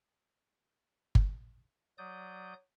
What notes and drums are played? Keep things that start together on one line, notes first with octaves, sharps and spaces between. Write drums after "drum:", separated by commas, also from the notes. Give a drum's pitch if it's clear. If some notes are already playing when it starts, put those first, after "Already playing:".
drum: kick G1
F#3 D5 D#6 G6